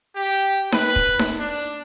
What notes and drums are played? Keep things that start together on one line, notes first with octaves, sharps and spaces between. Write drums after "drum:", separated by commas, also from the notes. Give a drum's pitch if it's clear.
G4
B4, drum: snare D#4
drum: kick
drum: snare D#4
D4